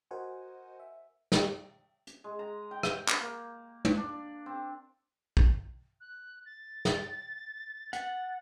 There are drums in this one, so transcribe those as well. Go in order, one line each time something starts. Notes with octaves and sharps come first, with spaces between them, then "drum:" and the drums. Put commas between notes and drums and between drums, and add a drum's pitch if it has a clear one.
F#4 A#4 C5 D#5 F#5 G#5
E5
drum: snare
drum: hi-hat
G#3
A#5
G5
drum: rim click
drum: clap
A#3
drum: tom
D4
C4
drum: kick
F#6
A6
drum: snare
F#5, drum: hi-hat